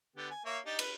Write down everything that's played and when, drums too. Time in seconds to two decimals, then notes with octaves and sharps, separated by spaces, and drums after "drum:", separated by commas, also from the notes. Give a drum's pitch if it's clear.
0.16 D3 B3 G4
0.31 G#5
0.45 A#3 C#5 E5
0.66 D4 D#4 G4
0.79 B4, drum: cymbal